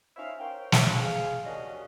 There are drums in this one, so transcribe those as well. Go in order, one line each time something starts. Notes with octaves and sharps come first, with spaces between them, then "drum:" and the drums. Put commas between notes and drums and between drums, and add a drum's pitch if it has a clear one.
C#4 D#4 E4 C5 E5 F5
A#4 C5 C#5 F5 G5
G#2, drum: snare
G#4 F5
D#2 C#4 D4 F#4 D#5